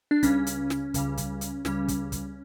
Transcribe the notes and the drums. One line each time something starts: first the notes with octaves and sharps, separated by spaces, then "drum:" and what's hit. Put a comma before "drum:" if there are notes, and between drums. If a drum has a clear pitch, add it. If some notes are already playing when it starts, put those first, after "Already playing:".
D4
C#2 C#3 G3 C#4, drum: kick, hi-hat
drum: hi-hat
drum: snare
C#2 C#3 G3, drum: kick, hi-hat
drum: kick, hi-hat
drum: hi-hat
C#2 C#3 G3 C#4, drum: snare
drum: kick, hi-hat
drum: kick, hi-hat